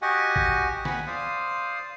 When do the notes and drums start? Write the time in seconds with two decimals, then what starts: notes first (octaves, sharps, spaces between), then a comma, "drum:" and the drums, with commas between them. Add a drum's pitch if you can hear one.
0.02 F#4 G4 D#5 F#5 G#5
0.36 drum: kick A1
0.85 F#5 G#5 B5, drum: snare
1.07 C5 D5 F5 D#6